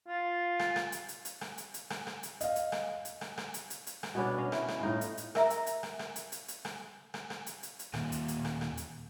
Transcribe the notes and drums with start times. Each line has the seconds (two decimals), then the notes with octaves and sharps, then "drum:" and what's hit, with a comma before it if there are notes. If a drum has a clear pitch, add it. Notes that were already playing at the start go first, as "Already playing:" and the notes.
0.08 F4
0.59 drum: rim click
0.76 drum: rim click
0.92 drum: hi-hat
1.09 drum: hi-hat
1.25 drum: hi-hat
1.41 drum: rim click
1.58 drum: hi-hat
1.74 drum: hi-hat
1.90 drum: rim click
2.07 drum: rim click
2.23 drum: hi-hat
2.41 D#5 F5, drum: hi-hat
2.56 drum: hi-hat
2.72 drum: rim click
3.05 drum: hi-hat
3.21 drum: rim click
3.38 drum: rim click
3.54 drum: hi-hat
3.70 drum: hi-hat
3.87 drum: hi-hat
4.03 drum: rim click
4.15 B2 B3 C#4 D4
4.38 C#4 D#5 F5
4.52 E4, drum: rim click
4.68 drum: rim click
4.81 A2 D#4 F4
5.01 drum: hi-hat
5.17 drum: hi-hat
5.35 A#4 E5 A#5, drum: rim click
5.50 drum: hi-hat
5.67 drum: hi-hat
5.83 drum: rim click
5.99 drum: rim click
6.16 drum: hi-hat
6.32 drum: hi-hat
6.48 drum: hi-hat
6.65 drum: rim click
7.14 drum: rim click
7.30 drum: rim click
7.47 drum: hi-hat
7.63 drum: hi-hat
7.79 drum: hi-hat
7.94 D#2 A#2, drum: rim click
8.12 drum: hi-hat
8.28 drum: hi-hat
8.45 drum: rim click
8.61 drum: rim click
8.77 drum: hi-hat